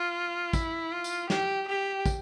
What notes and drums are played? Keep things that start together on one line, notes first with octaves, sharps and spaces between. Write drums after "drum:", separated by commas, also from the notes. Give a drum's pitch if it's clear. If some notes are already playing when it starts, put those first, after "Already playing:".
Already playing: F4
E4, drum: kick, tambourine
F4
drum: tambourine
G4, drum: snare
G4
drum: kick, tambourine